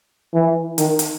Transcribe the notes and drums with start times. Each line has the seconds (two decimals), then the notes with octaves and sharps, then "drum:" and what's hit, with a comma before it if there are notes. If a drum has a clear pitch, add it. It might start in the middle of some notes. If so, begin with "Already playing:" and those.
0.34 E3
0.78 D#3, drum: hi-hat
0.99 drum: hi-hat